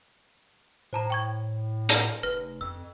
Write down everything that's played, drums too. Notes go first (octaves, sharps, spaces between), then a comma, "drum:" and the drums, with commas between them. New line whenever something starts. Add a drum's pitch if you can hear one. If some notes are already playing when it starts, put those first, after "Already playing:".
A2 C5 A5 A#5
G5 C#6 G#6
drum: hi-hat
F1 B4 F6 A#6
F2 E6